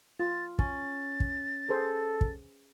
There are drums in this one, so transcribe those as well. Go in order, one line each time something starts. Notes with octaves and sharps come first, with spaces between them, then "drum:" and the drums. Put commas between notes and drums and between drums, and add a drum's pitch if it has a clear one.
F4 A6
C#4 A6, drum: kick
drum: kick
G#4 A4 B4 C5
drum: kick